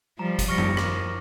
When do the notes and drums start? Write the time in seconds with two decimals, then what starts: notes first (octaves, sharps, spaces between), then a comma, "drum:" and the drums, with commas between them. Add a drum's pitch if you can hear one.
0.19 F3 G3 A#5
0.39 drum: kick G1, hi-hat
0.48 F3 G3 C#6 F6 A#6 C#7
0.58 drum: tom F#2
0.77 D#3 F3 D6, drum: rim click